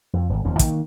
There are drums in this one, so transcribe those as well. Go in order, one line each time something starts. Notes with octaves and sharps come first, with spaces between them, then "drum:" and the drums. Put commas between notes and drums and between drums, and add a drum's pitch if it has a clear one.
F2
D#1 G#1
D#1 D#2 F3 C#4
D#3 A#3, drum: kick, hi-hat